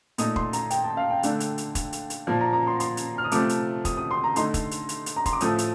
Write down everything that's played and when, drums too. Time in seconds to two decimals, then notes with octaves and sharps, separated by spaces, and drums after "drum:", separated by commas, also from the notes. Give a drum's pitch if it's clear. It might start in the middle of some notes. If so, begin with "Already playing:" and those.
0.18 A#2 A3 D#4 D#6, drum: hi-hat
0.36 C6, drum: kick
0.53 A#5, drum: hi-hat
0.70 G5, drum: hi-hat
0.84 A5
0.97 F5
1.10 G5
1.23 D3 A3 D4, drum: hi-hat
1.40 drum: hi-hat
1.58 drum: hi-hat
1.75 drum: kick, hi-hat
1.93 drum: hi-hat
2.10 drum: hi-hat
2.27 A#2 F3 A#3 A5
2.41 A#5
2.53 A#5
2.67 C6
2.80 C6, drum: hi-hat
2.97 drum: hi-hat
3.18 F6
3.24 D#6
3.31 C3 F3 A3 D6, drum: hi-hat
3.49 drum: hi-hat
3.85 D#6, drum: kick, hi-hat
3.97 D#6
4.11 C6
4.24 A#5
4.36 D3 A3 D#4 C6, drum: hi-hat
4.54 drum: kick, hi-hat
4.71 drum: hi-hat
4.89 drum: hi-hat
5.06 drum: hi-hat
5.16 A#5
5.26 C6, drum: kick, hi-hat
5.33 D6
5.40 A2 F3 A3 D#6, drum: hi-hat
5.58 drum: hi-hat